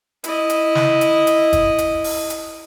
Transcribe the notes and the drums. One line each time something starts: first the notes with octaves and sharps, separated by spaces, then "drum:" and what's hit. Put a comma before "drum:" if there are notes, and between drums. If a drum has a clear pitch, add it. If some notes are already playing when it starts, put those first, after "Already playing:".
E4 D#5, drum: hi-hat
drum: hi-hat
drum: snare
drum: hi-hat
drum: hi-hat
drum: kick, hi-hat
drum: hi-hat
drum: open hi-hat
drum: hi-hat